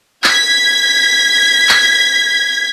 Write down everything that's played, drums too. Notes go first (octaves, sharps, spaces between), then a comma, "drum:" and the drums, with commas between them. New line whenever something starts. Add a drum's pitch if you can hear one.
G#6 B6, drum: clap
drum: clap